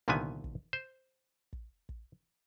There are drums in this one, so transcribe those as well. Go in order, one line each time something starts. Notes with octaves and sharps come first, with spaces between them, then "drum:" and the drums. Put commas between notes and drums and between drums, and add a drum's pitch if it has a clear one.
C2 A#2 D3 D#3 B3 G#5
drum: kick
C5
drum: kick
drum: kick